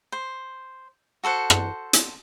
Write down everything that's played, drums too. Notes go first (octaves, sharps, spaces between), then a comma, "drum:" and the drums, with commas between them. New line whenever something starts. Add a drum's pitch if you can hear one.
C5
F#4 A4 C5 F#5
drum: rim click
drum: hi-hat